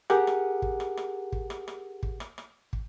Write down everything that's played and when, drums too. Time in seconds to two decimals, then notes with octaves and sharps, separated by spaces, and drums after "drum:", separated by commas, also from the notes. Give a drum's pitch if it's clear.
0.10 G4 G#4 A#4 F#5, drum: rim click
0.27 drum: rim click
0.62 drum: kick
0.80 drum: rim click
0.97 drum: rim click
1.32 drum: kick
1.50 drum: rim click
1.68 drum: rim click
2.03 drum: kick
2.20 drum: rim click
2.38 drum: rim click
2.73 drum: kick